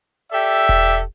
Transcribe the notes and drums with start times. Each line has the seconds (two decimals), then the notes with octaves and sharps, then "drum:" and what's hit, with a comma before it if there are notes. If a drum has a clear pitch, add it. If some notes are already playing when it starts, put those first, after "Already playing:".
0.33 G4 A4 D5 E5
0.69 drum: kick E1